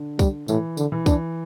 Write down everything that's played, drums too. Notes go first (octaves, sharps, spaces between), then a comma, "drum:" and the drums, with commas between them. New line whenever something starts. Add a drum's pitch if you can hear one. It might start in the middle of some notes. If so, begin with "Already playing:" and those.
Already playing: D3
G3, drum: kick, tambourine
A2 E3, drum: tambourine
D3, drum: tambourine
E3
D4, drum: kick, tambourine